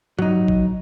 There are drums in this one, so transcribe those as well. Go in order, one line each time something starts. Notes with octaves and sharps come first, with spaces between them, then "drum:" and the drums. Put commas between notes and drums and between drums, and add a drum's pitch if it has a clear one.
F#3 D#4, drum: tom G2
drum: kick A1